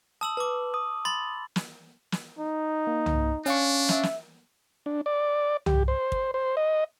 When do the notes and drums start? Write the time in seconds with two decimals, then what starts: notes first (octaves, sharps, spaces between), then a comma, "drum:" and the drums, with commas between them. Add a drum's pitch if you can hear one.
0.21 A5 D#6 E6 F#7
0.37 B4 A5 D6
0.74 D#6
1.05 B5 C6 A6
1.56 drum: snare
2.12 drum: snare
2.38 D#4
2.87 A#3
3.06 drum: tom
3.46 C#4 D4 F5 C#6, drum: hi-hat
3.89 E5, drum: snare
4.03 drum: snare
4.86 D4
5.06 D5
5.66 G4, drum: tom
5.88 C5
6.12 drum: kick
6.34 C5
6.57 D#5